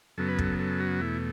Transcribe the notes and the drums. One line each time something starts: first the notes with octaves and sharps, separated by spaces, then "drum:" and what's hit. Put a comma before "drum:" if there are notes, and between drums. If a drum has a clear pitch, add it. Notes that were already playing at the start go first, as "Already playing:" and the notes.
F#2 C#3 F#3 B3 A4
B4
A4, drum: kick
A4
F#4
E2 B2 A3 E4